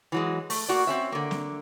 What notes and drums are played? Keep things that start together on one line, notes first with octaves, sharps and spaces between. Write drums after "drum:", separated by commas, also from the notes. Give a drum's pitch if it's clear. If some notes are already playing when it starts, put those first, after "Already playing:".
E3 F#3 G#3
A3, drum: open hi-hat
A#3 F#4 D5
C4 C#4 E5
D3 A#3
drum: snare